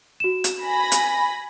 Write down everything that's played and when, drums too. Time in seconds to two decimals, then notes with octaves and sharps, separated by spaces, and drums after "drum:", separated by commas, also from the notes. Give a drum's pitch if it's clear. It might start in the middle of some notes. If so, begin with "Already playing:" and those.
0.20 F#4 E7
0.44 drum: hi-hat
0.64 G#5 B5 A#6
0.92 drum: hi-hat